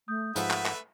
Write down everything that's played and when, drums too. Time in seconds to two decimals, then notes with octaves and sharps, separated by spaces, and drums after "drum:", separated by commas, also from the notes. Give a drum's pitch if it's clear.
0.08 A3 D#6 G6
0.36 G#2 F3 A3 A4 B4 E5 F#5, drum: hi-hat
0.51 drum: clap
0.66 drum: clap